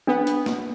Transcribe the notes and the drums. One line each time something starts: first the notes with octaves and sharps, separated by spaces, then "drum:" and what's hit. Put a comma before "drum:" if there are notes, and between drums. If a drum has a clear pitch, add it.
B3 D4
drum: hi-hat
drum: snare